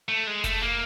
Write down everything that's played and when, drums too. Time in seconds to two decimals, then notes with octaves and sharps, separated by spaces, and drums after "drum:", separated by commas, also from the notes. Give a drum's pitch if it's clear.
0.08 A3
0.27 G#3
0.44 A3, drum: kick F1, hi-hat
0.62 A#3